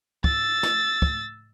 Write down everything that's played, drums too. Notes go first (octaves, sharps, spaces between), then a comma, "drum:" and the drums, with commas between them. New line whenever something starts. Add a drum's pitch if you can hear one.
E6 A6, drum: kick
drum: snare
drum: kick